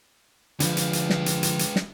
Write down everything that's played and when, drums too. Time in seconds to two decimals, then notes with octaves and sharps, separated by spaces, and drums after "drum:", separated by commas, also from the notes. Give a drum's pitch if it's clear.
0.60 D3 F3 G#3 B4, drum: hi-hat
0.77 drum: hi-hat
0.93 drum: hi-hat
1.10 drum: snare
1.26 drum: hi-hat
1.43 drum: hi-hat
1.59 drum: hi-hat
1.76 drum: snare